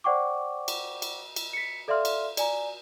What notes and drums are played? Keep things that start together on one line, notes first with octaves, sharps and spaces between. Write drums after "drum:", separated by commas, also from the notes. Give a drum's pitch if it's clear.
C5 D5 F#5 G5 C#6 D6
drum: cymbal
drum: cymbal
drum: cymbal
B6 C#7
A4 D5 E5 F5 C6 F6
drum: cymbal
D5 G#5 A#5, drum: cymbal